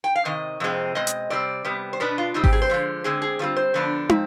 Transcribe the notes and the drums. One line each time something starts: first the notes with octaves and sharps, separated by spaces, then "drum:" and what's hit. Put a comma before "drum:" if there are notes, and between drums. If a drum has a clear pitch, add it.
G5
F5
C3 D#3 D#5
F2 C3 G#3 C4
B2 G#3 C4 D#5
drum: hi-hat
C3 G3 C4 D5
C3 G3 B3
C5
B2 B3 D4 B4
F4
C3 G3 C4 D#4
G4, drum: kick G#1
G#4
C5
D3 F3 G#3
D3 G#3 C4 G#4
G#4
D3 G3 C4 F4
C5
D3 F3 B3 D4
F3 C4, drum: tom